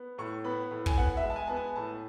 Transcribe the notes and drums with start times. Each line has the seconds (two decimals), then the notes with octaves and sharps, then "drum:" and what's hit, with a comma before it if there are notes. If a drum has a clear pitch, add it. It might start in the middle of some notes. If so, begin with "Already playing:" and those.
Already playing: B3
0.18 A2 C#6
0.44 B3 B5
0.71 A2
0.86 G#5, drum: kick
0.97 B3 F#5
1.17 E5
1.24 G#3
1.30 A5
1.36 G#5
1.47 B3 A5
1.56 G#5
1.75 A2 A5